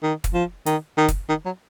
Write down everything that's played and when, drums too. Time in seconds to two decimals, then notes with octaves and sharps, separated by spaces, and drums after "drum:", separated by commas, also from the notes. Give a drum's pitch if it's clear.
0.03 D#3
0.24 drum: kick, hi-hat
0.34 F3
0.66 D#3, drum: hi-hat
0.98 D#3
1.08 drum: kick, hi-hat
1.29 D#3
1.46 F#3